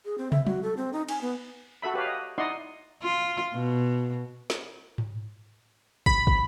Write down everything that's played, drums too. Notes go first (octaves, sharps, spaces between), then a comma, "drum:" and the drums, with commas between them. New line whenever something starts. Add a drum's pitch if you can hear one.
G#4
C4
E5, drum: tom
F#4, drum: tom F#3
A4
C4
D#4
G#5, drum: cymbal
B3
F#4 A4 E5 B5
G4 B4 C#5 F5
D#5
D#4 E4 D5 D#5 F#5 C6
F4
B2
drum: snare
drum: tom G#2
B5, drum: kick
drum: kick